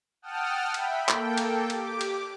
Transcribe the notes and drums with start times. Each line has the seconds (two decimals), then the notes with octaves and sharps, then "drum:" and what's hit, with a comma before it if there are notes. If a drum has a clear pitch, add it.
0.22 F#5 G5 A5 D#6 F6
0.74 E5 G5 B5, drum: cymbal
1.09 A#3 A4 G5, drum: clap
1.38 drum: cymbal
1.70 G4 D6, drum: cymbal
2.01 drum: cymbal